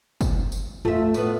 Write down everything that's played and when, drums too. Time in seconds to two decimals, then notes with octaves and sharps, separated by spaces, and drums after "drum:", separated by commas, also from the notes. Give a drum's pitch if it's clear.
0.21 drum: kick, tambourine
0.52 drum: tambourine
0.85 A3 F4 A4 E5, drum: tom E2
1.14 A2 B3, drum: tambourine